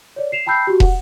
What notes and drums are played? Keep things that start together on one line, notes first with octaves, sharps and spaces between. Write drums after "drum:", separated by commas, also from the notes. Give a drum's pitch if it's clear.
C#5 D5
C7 E7 F7
G5 A5 B5 E6 G6 C7
F#4 G4
F#5, drum: kick